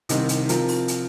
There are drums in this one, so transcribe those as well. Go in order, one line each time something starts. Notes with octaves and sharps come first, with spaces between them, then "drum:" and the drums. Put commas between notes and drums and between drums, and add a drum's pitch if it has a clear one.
C2 C3 D#3 C4 D#4, drum: hi-hat
drum: hi-hat
F3 C4 F4 A#4, drum: hi-hat
drum: open hi-hat
drum: hi-hat